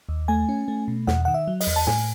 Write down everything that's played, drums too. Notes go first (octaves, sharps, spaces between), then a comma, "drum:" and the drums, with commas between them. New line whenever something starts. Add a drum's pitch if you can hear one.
D#2
A3 G#5
C#4
A3
B2
E2 F#5, drum: snare
D#3 F#5
E5
F#3
D#5, drum: open hi-hat
E2
A5
A2 G#5, drum: snare